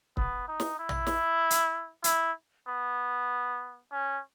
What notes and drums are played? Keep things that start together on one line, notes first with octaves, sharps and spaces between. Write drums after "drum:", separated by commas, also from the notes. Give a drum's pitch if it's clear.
B3, drum: kick
D#4
drum: snare
E4
drum: tom A#1
drum: snare
drum: hi-hat
E4, drum: hi-hat
B3
C#4